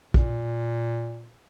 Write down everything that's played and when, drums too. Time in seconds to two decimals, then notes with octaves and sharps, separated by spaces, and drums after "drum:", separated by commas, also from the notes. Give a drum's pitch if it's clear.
0.14 A#2, drum: kick A#1